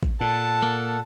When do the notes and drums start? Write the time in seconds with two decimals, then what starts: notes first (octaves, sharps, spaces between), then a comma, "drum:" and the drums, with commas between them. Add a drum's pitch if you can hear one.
0.03 drum: kick A1
0.21 A#2 A4 F#5 A5
0.62 A#3